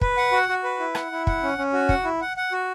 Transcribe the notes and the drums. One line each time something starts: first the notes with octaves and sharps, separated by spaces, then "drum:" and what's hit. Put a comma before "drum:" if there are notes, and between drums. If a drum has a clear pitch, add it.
B4, drum: kick
F#5
F#4
F#4
B4
E4
F#5, drum: rim click
E4
F#5, drum: kick
C#4
C#4
F#4
F#5, drum: kick
E4
F#5
F#5
F#4